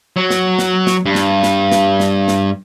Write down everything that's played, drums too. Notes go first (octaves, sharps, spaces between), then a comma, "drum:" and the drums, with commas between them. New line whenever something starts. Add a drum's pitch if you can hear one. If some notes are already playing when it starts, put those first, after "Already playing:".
F#3
drum: snare
drum: snare
drum: snare
G2
drum: snare
drum: snare
drum: snare
drum: snare
drum: snare